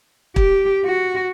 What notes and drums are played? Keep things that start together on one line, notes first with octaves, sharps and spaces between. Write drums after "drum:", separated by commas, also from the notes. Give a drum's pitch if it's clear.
G4, drum: kick
F#4